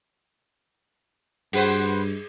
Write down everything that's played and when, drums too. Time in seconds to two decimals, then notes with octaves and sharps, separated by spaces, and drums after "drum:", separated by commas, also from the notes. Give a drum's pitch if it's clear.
1.53 G2 F#4 G#4 B4 C5, drum: cymbal